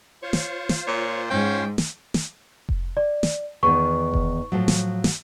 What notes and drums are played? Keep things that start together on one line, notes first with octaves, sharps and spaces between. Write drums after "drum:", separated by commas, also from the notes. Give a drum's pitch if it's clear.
F4 C5 C#5
drum: snare
drum: snare
A#2 C#5
G#2 C#4 G5
drum: snare
drum: snare
drum: kick F1
D5
drum: snare
E2 D#3 B3 C#6
drum: kick F1
A2 F3 F#3
drum: snare
drum: snare